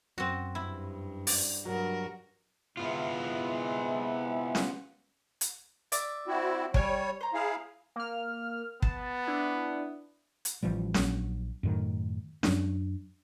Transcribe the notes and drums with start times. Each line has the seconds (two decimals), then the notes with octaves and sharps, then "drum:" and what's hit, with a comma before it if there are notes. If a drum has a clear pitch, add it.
0.18 F#2 C4 F#4
0.55 G2 E4
1.27 D5, drum: open hi-hat
1.66 G2 F#3 F#4 A#4
2.77 C3 G#3 B3 E4 F4
4.55 drum: snare C#4
5.41 drum: hi-hat
5.92 D5 E5 D6, drum: hi-hat
6.28 C4 E4 F#4
6.74 G3 C#5 G5 G#5 F6, drum: kick
7.21 C5 A#5
7.34 E4 G#4 F5
7.96 A#3 F6
8.82 B3 A5, drum: kick
9.27 D4 E4
10.45 drum: hi-hat
10.63 A1 E3 F3 G3
10.94 A#1 F#3, drum: snare C#4
11.63 F#2 A2 D#3
12.43 F#2 F#3 D4, drum: snare C#4